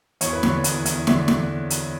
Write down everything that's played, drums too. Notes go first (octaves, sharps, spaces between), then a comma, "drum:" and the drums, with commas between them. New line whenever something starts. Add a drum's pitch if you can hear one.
E2 C#5, drum: hi-hat
B4
D3 C#5, drum: snare
E2, drum: hi-hat
E2, drum: hi-hat
D3 E5, drum: snare
drum: snare
drum: hi-hat